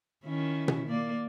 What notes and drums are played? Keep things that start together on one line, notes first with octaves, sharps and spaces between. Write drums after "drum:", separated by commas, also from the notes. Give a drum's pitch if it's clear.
D#3 C#4 E4
drum: tom B2
A#3 D5